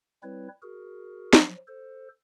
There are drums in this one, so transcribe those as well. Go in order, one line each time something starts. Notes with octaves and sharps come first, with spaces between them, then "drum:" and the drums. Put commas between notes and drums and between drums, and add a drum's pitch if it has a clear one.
G3 C4 E4 B4 C#5
F#4 G#4 A#4
F3 F#3, drum: snare
A4 C5